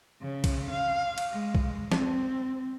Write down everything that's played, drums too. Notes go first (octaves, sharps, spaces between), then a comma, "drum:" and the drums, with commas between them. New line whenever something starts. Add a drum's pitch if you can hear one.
C#3
drum: kick B1, cymbal
F5
drum: cymbal
G#3
drum: kick B1
C4, drum: snare